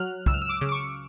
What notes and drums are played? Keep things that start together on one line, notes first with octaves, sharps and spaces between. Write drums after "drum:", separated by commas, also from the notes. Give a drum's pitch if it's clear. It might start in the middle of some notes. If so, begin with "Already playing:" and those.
Already playing: F#3 F6 F#6
C#2 E6, drum: kick
F6
E6
D6
C#3
D6
C#6